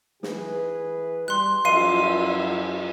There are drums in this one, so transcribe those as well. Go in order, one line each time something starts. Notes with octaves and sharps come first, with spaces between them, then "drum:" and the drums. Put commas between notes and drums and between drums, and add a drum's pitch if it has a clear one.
E3 G#4 B4, drum: snare
G3 C6 F#6
F#2 F3 E4 F5 C6 D#7, drum: cymbal